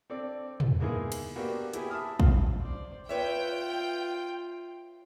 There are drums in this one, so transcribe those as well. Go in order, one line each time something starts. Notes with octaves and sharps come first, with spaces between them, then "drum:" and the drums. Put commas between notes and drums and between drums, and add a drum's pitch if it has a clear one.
C4 D4 A4 D5
drum: tom
G#3 A#3 B3 D#4 E4 G#4
drum: cymbal
A#3 B3 D4 F#4 G4 A4
E4 G4 G#4 B4, drum: hi-hat
E5 A5 B5 D#6 F6
F5, drum: kick
C5 D5
F4 B4 C#5 E5 G5